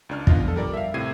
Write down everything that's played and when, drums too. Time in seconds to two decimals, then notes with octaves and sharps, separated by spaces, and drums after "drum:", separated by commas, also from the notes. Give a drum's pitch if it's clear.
0.09 C#2 D4 F6
0.27 B3 D4 F4 D#5, drum: kick
0.44 F3 A4
0.56 G3 A#4 D5
0.74 E5 F5
0.94 A2 C3 G#6 C7 D#7